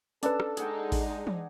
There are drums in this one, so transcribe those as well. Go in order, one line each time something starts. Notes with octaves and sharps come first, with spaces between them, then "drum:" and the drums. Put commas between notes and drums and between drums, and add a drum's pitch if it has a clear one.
C#4 D4 A4 B4 A5 E6, drum: hi-hat
drum: rim click
G#3 D#4 G#4 F#5 G5, drum: hi-hat
drum: kick A1, open hi-hat
drum: tom